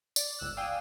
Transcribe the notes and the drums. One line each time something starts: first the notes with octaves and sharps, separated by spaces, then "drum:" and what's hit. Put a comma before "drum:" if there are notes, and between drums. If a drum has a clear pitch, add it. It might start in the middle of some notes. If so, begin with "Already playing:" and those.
D5, drum: tambourine
G1 C#2 E6 F#6
D5 F5 G5 G#5 D#6 E6